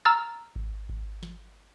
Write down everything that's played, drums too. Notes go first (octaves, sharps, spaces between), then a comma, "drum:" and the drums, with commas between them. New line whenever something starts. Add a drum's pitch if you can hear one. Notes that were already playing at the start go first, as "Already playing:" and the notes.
A#5 E6 F6 A6
drum: kick G#1
drum: kick G#1
drum: snare